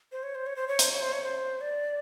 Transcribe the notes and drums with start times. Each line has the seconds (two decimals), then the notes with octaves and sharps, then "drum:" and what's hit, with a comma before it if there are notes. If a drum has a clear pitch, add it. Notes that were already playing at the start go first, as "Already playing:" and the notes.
0.12 C5
0.23 C#5
0.35 C5
0.46 C#5
0.56 C5
0.68 C#5
0.79 C5, drum: hi-hat
0.90 C#5
1.01 C5
1.12 C#5
1.23 C5
1.61 D5